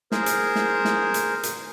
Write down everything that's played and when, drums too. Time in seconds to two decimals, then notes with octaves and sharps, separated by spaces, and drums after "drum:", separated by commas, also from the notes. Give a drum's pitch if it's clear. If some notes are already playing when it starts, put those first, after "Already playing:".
0.12 G#4 A#4 C5, drum: snare
0.26 drum: hi-hat
0.56 drum: snare
0.85 drum: snare
1.14 drum: hi-hat
1.43 drum: hi-hat